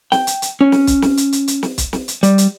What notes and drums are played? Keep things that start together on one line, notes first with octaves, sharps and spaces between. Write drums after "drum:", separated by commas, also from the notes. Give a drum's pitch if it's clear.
G5, drum: snare
drum: hi-hat
drum: hi-hat
C#4
drum: snare
drum: kick, hi-hat
drum: snare
drum: hi-hat
drum: hi-hat
drum: hi-hat
drum: snare
drum: kick, hi-hat
drum: snare
drum: hi-hat
G3, drum: hi-hat
drum: hi-hat